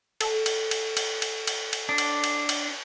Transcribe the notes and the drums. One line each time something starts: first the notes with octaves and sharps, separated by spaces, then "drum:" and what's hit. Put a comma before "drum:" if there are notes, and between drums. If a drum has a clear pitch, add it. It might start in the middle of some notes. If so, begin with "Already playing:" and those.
A4, drum: cymbal
drum: cymbal
drum: cymbal
drum: cymbal
drum: cymbal
drum: cymbal
drum: cymbal
D4
drum: cymbal
drum: cymbal
drum: cymbal